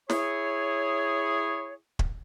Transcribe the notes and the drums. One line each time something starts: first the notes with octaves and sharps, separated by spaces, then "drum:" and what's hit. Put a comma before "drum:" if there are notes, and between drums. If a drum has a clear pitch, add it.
E4 G#4 C#5, drum: snare
drum: kick